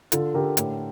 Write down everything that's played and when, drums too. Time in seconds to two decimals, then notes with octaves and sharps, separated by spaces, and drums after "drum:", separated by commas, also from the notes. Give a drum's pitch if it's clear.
0.12 D3 F4 A4, drum: hi-hat
0.34 D3 G4 A#4
0.57 A2, drum: hi-hat